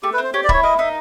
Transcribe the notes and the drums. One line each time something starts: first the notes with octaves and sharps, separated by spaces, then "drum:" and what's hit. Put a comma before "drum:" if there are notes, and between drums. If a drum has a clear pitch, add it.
A3 G4
B4
C4
C5
G4 C#5
D5
E4 C#5, drum: kick C#1
A#3 D#5
D#4 E5